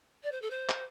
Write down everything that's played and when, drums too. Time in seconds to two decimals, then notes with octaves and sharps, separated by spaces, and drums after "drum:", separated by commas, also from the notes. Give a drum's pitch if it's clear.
0.23 D5
0.31 C5
0.41 A4
0.50 C5
0.69 drum: clap